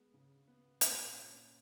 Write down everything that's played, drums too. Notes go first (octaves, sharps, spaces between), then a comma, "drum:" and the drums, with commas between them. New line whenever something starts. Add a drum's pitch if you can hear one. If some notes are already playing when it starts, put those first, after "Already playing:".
Already playing: G#3 B3
C#3
B3
A#2, drum: hi-hat
C#4